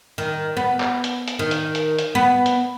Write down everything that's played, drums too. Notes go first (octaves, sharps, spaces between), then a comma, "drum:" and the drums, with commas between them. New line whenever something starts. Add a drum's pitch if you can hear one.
D#3
B3
drum: clap
drum: hi-hat
drum: hi-hat
D#3
drum: hi-hat
drum: hi-hat
drum: hi-hat
B3
drum: hi-hat